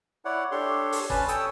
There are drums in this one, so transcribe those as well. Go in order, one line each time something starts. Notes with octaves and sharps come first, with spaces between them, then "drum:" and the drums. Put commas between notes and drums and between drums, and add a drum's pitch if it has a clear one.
E4 C#5 D5 F#5
D4 G4 A4 C#5 C6
drum: open hi-hat
C#4 B4 A5, drum: kick G1
A4 C#5 G5 D#6 E6, drum: hi-hat